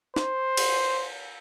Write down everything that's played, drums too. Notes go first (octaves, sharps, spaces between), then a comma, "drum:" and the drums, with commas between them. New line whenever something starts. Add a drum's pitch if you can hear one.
C5, drum: snare
drum: cymbal